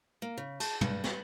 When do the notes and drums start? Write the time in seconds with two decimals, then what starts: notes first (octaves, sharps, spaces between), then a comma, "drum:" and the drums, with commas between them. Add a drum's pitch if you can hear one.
0.22 A#3
0.37 C#3
0.60 A5, drum: cymbal
0.81 G2, drum: tom
1.04 B3, drum: snare